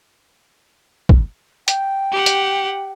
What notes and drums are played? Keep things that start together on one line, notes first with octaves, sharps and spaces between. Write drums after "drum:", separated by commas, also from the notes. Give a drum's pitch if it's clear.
drum: kick
G5, drum: hi-hat
G4 F#5
drum: hi-hat